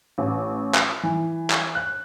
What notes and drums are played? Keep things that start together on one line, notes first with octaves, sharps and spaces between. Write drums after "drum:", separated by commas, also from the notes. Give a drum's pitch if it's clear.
A1
drum: clap
E3
drum: clap
F#6